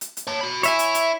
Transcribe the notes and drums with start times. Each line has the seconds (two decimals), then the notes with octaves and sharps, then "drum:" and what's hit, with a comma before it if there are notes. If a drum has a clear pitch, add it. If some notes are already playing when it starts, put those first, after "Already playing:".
0.01 drum: hi-hat
0.17 drum: hi-hat
0.27 C#5 A5
0.41 F#4 B5
0.63 E4 C#5 E5 G#5, drum: hi-hat
0.79 drum: hi-hat
0.94 drum: hi-hat